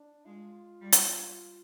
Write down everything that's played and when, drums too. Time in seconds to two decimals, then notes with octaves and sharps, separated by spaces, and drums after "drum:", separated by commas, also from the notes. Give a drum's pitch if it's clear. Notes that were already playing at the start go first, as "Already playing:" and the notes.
Already playing: D4
0.25 G#3 F4
0.81 G3
0.92 drum: hi-hat